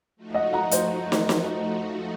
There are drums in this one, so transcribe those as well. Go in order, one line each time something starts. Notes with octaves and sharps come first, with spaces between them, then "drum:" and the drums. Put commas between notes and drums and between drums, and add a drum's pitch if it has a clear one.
F3 A3 D#4 F#4
D#5 F#5
F#5 A#5
C5 D#5, drum: hi-hat
drum: snare
drum: snare